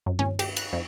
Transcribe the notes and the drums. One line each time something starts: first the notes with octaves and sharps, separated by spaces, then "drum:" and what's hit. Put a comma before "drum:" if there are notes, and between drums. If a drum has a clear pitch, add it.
F#2
C#4, drum: tom G2
G4, drum: cymbal
F#6, drum: cymbal
F2